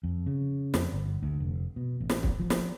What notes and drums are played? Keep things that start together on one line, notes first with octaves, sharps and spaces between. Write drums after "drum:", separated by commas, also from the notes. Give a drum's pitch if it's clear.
F2
C#3
F2, drum: snare
G1
D2
F1
B2
A1
drum: snare
drum: kick
F3
drum: snare